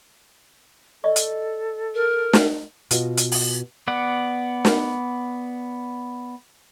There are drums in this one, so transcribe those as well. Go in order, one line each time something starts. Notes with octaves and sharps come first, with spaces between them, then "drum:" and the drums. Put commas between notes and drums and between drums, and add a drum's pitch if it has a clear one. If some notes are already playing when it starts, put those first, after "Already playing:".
A4 D5 D#5 C#6
drum: hi-hat
A#4
drum: snare
B2 F4 F#4 D#5, drum: hi-hat
drum: hi-hat
drum: open hi-hat
B3 D5 F#5
drum: snare